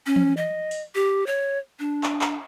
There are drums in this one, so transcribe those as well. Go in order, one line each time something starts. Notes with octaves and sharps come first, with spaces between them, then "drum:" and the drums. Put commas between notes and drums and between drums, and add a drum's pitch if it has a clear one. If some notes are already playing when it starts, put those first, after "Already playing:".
C#4
drum: tom E3
D#5
drum: open hi-hat
G4
C#5
D4
drum: clap
drum: clap